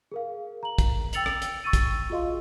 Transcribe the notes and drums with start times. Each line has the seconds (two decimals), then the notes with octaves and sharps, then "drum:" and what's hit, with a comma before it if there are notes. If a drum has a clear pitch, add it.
0.12 G#4 A#4 F5
0.63 A#5 F#7
0.79 drum: kick, hi-hat
1.13 G5 E6 A6 C#7 F7 F#7, drum: hi-hat
1.26 drum: rim click
1.42 drum: hi-hat
1.64 C#6 E6 A6 D#7
1.73 drum: kick, hi-hat
2.10 F4 F#4 G#4 D#5 F5 C6